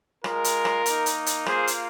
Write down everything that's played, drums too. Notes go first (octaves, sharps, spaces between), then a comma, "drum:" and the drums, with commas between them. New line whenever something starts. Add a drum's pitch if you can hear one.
G#3 F4 A#4, drum: rim click
drum: hi-hat
drum: rim click
A#3 D#4, drum: hi-hat
drum: hi-hat
drum: hi-hat
A#3 F4 G#4 C5, drum: rim click
drum: hi-hat